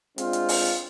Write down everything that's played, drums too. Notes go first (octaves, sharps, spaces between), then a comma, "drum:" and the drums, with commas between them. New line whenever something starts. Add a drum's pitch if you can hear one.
G#3 C4 D4 F4, drum: hi-hat
drum: hi-hat
drum: open hi-hat